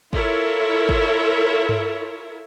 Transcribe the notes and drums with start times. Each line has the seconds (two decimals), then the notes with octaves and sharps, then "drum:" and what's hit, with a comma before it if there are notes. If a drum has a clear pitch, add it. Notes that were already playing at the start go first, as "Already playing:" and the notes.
0.13 E4 F4 A4 A#4 C#5 E5, drum: kick
0.89 drum: kick
1.69 drum: tom G2